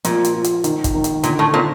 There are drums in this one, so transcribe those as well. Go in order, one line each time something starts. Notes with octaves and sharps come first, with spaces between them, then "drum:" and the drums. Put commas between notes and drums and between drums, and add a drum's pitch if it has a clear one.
A#2 F3, drum: hi-hat
drum: hi-hat
F4
drum: hi-hat
D#3, drum: hi-hat
drum: kick, hi-hat
D#3
drum: hi-hat
A#2 D3, drum: hi-hat
A2
A#2 C4